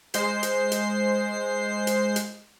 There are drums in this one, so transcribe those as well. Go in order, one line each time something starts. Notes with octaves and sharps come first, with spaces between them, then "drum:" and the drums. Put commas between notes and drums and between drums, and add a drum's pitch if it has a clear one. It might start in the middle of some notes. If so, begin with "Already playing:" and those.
G#3 C5 C7, drum: hi-hat
drum: hi-hat
drum: hi-hat
drum: hi-hat
drum: hi-hat